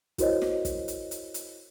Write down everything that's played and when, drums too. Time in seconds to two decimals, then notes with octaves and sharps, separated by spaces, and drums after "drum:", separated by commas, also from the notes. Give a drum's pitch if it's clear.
0.18 E4 F#4 A#4 C5 C#5 D#5, drum: kick, hi-hat
0.42 drum: snare
0.65 drum: kick, hi-hat
0.88 drum: hi-hat
1.11 drum: hi-hat
1.34 drum: hi-hat